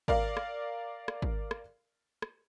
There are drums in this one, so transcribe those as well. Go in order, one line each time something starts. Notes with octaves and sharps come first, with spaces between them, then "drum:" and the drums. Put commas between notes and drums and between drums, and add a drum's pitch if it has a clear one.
A#4 D5 F5, drum: kick
drum: rim click
drum: rim click
drum: kick
drum: rim click
drum: rim click